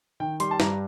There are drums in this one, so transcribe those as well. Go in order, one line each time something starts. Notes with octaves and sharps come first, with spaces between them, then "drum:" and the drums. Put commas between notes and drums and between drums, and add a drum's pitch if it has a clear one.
D#3 G5
G3 C6, drum: hi-hat
A5
G2 A#5, drum: snare